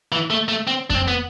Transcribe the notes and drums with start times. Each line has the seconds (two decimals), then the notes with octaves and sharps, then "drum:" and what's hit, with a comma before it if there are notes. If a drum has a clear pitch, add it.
0.12 E3
0.30 A3
0.48 A3
0.67 C4
0.90 D4, drum: kick F2
0.95 C4
1.08 B3